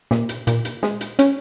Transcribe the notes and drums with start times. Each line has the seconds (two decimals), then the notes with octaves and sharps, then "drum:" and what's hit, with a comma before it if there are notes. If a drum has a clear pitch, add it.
0.11 A#2, drum: snare
0.29 drum: hi-hat
0.47 A#2, drum: hi-hat
0.65 drum: hi-hat
0.83 G#3, drum: snare
1.01 drum: hi-hat
1.19 C#4, drum: hi-hat